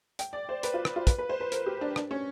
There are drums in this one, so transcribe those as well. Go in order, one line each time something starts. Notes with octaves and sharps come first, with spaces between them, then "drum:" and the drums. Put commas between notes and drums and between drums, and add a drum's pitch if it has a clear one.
G5, drum: hi-hat
D5
C5
B4, drum: hi-hat
F4
drum: rim click
F4
B4, drum: kick, hi-hat
B4
C5
B4
A#4, drum: hi-hat
G4
D4
D4, drum: rim click
C#4